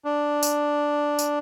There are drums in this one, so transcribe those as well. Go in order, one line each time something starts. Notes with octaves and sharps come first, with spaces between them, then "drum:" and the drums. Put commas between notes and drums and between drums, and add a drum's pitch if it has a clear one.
D4
drum: tambourine
drum: tambourine